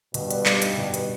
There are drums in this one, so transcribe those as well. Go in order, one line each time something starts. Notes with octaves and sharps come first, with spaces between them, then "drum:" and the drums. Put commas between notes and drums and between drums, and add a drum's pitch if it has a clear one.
G2 B2, drum: hi-hat
B3, drum: hi-hat
G3, drum: clap
D#4, drum: hi-hat
B2
B3, drum: hi-hat